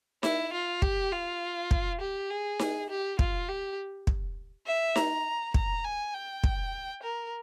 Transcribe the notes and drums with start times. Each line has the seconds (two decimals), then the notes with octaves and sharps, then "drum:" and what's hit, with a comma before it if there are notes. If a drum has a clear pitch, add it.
0.23 E4, drum: snare D#4
0.53 F4
0.82 G4, drum: kick
1.12 F4
1.71 drum: kick
2.01 G4
2.30 G#4
2.59 drum: snare D#4
2.89 G4
3.19 F4, drum: kick
3.49 G4
4.07 drum: kick
4.66 E5
4.96 A#5, drum: snare D#4
5.54 A#5, drum: kick
5.84 G#5
6.14 G5
6.44 drum: kick
7.03 A#4